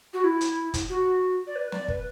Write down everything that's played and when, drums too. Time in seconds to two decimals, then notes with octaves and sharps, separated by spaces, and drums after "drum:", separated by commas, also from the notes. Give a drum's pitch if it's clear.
0.14 F#4
0.24 E4
0.41 drum: hi-hat
0.74 drum: kick, hi-hat
0.90 F#4
1.47 D5
1.56 B4
1.72 D5, drum: snare
1.88 B4, drum: kick